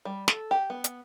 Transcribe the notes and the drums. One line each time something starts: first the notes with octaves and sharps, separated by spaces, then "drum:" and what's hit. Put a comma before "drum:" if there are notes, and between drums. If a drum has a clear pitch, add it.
G3
A4, drum: snare
G4
B3
drum: hi-hat